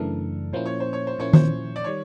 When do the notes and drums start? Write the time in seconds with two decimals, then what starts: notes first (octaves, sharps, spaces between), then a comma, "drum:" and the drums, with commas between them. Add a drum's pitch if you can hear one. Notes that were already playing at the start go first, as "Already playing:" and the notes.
Already playing: F#2 C#3 E3 A3 D4 A4 A#4
0.53 A#2 F3 A#3 C#4 E4 C5
0.66 C#5
0.80 C5
0.93 C#5
1.07 C5
1.18 A#2 F3 A#3 C#4 E4 C#5
1.33 C5, drum: tom D#3
1.76 D5
1.84 D#3 G3 C#5